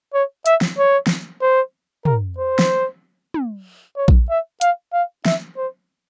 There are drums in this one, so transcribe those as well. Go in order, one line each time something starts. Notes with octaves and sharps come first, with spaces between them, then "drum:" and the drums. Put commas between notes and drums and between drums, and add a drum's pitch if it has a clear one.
C#5
E5, drum: hi-hat
drum: snare
C#5
drum: snare
C5
A#4, drum: tom
C5
drum: snare
drum: tom
C#5
drum: kick A#1
E5
F5, drum: hi-hat
F5
E5, drum: snare
C5